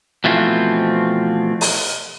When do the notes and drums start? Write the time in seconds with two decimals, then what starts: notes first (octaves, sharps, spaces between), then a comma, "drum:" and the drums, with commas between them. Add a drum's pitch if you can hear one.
0.24 B2 E3 F3 A3 C4
1.61 drum: open hi-hat